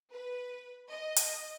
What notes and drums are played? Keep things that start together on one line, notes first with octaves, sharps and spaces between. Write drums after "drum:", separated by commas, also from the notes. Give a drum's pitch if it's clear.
B4
D#5
drum: hi-hat